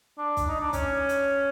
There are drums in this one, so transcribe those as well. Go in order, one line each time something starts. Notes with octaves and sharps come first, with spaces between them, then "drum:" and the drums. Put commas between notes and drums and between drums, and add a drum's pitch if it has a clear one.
D4
drum: kick, hi-hat
D#4
D4
C#4, drum: kick, hi-hat
drum: hi-hat